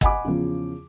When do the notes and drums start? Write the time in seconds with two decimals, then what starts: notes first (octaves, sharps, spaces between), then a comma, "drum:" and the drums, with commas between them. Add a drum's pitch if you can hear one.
0.01 D#5 F#5 G#5 B5 D6, drum: kick G1
0.24 E2 C#3 F3